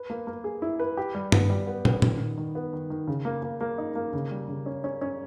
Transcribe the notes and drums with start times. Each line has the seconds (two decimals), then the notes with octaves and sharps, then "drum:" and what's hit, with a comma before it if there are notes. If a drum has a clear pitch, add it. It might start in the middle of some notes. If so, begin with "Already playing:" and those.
Already playing: B4
0.10 A#3
0.27 A#3
0.44 G#4
0.62 E4
0.79 B4
0.97 G4
1.14 G3
1.32 B3, drum: tom G2
1.50 G3
1.67 B3
1.85 B3, drum: tom
2.02 D#3, drum: tom
2.20 D#3
2.37 D#3
2.55 B3
2.73 D#3
2.90 D#3
3.07 C#3
3.25 A#3
3.43 A#3
3.61 A#3
3.78 D#4
3.95 A#3
4.13 C#3
4.31 G3
4.48 C#3
4.66 C#4
4.84 C#4
5.01 C#4